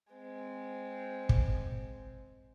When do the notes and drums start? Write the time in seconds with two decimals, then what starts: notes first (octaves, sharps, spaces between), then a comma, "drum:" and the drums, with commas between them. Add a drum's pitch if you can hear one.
0.13 G#3 C4
1.29 drum: kick